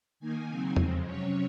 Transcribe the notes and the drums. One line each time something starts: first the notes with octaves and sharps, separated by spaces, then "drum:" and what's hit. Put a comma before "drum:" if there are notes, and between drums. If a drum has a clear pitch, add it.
D#3 A#3 D#4 G#5
C#3 F#3 C4 D#4
F2 C#3 F3 G#3 C4, drum: tom E2
C3 F#3 C#4 C#5